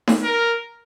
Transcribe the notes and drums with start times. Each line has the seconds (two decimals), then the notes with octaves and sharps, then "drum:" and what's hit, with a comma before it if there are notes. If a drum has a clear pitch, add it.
0.07 drum: snare D#4
0.24 A#4